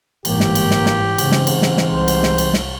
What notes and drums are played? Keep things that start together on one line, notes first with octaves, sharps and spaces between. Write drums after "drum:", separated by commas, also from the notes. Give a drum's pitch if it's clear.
G1 G#2 E3 A#3 G4, drum: cymbal
drum: snare
drum: cymbal
drum: snare
drum: snare
G#2 C#3 C4, drum: cymbal
drum: snare
drum: cymbal
drum: snare
drum: snare
C2 C5
drum: cymbal
drum: snare
drum: cymbal
drum: snare